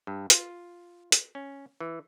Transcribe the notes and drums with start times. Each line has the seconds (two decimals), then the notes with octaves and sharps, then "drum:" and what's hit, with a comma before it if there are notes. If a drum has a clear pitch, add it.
0.07 G2
0.30 F4, drum: hi-hat
1.12 drum: hi-hat
1.35 C#4
1.80 E3